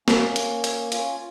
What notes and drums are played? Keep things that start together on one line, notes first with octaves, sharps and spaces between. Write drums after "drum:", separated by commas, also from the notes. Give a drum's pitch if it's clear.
A#3 C#4, drum: snare
drum: hi-hat
drum: hi-hat
C#4 F4, drum: hi-hat